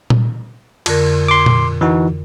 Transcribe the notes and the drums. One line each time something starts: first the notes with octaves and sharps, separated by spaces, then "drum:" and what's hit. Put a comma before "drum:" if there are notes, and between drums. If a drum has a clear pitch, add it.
drum: tom A#2
F2 D3 A#4, drum: cymbal
C6 D6
drum: tom A#2
E3 D#4 F#4